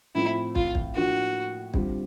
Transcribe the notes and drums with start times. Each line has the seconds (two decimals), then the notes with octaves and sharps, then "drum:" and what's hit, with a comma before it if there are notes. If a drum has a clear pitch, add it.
0.15 A2 F3 A3 C4 E4 F4
0.55 F4, drum: kick
0.75 drum: kick
0.94 A2 F3 A#3 D4 F4 F#4
1.74 D3 G3 C4 F4, drum: kick